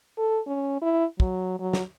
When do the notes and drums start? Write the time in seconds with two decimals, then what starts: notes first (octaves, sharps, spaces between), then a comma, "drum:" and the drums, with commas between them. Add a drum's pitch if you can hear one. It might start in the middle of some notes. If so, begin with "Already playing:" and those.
0.18 A4
0.47 C#4
0.82 E4
1.20 F#3, drum: kick
1.59 F#3
1.73 drum: snare